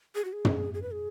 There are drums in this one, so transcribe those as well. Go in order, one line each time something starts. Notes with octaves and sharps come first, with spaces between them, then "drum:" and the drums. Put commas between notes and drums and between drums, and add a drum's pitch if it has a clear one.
G#4
F#4
G#4
drum: tom
G#4
B4
G#4